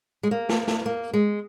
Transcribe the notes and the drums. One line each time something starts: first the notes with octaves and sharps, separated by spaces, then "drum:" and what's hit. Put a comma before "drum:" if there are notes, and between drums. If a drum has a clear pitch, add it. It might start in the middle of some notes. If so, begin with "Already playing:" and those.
G#3
A#3
drum: snare
drum: snare
A#3
G#3